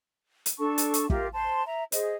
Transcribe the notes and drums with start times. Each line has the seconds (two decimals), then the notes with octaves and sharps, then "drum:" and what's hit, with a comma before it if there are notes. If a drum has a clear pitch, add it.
0.46 drum: hi-hat
0.59 D4 A4 A5 C#6
0.78 drum: hi-hat
0.94 drum: hi-hat
1.10 F4 G4 A#4 E5, drum: kick
1.33 C5 A5 C6
1.66 E5 A#5
1.92 G#4 C5 D#5, drum: hi-hat